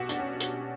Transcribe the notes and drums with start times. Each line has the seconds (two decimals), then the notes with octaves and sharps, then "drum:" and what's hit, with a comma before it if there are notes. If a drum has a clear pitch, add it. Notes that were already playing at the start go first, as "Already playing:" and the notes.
Already playing: B1 B2 F#4 G4
0.09 D4, drum: hi-hat
0.19 C#4
0.40 drum: hi-hat